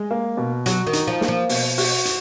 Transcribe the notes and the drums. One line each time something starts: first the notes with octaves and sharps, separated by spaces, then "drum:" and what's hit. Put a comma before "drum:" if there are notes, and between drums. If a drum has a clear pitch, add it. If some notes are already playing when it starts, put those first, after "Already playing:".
Already playing: G#3
A#3
B2
F#3 F#4, drum: hi-hat
D#3
D#4, drum: hi-hat
F3
A#3, drum: snare
F3
B2, drum: open hi-hat
F#4, drum: open hi-hat
drum: hi-hat